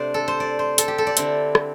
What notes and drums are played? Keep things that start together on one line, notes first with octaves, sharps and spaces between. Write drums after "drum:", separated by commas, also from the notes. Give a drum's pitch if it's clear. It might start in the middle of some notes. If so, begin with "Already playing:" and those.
Already playing: C3 A3 D4 C5 D5
A4
C5
D5
C5
A4, drum: hi-hat
G4
A4
D5
D3 C4 E4, drum: hi-hat
drum: rim click